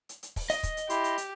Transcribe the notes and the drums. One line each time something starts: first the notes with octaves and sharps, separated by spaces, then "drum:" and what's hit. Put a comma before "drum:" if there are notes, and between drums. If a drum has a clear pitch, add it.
drum: hi-hat
drum: hi-hat
drum: kick, open hi-hat
D#5, drum: hi-hat
drum: kick, hi-hat
drum: hi-hat
E4 G4 C6, drum: hi-hat
drum: hi-hat
drum: hi-hat